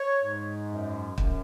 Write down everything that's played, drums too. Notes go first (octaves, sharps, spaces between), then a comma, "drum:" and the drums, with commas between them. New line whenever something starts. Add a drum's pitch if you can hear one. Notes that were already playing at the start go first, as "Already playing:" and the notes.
Already playing: C#5
G#2
F#2
F#2, drum: kick